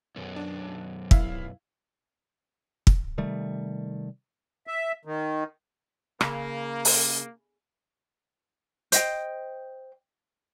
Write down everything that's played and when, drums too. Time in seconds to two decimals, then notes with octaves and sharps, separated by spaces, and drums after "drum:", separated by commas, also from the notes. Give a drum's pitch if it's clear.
0.16 B1 F#2
0.36 D4
1.11 E4 E5 F5, drum: kick
2.87 drum: kick
3.18 C3 D#3 G3 A3
4.67 E5
5.05 D#3
6.21 C#3 A#3, drum: rim click
6.85 drum: open hi-hat
8.92 C5 D#5 G5, drum: hi-hat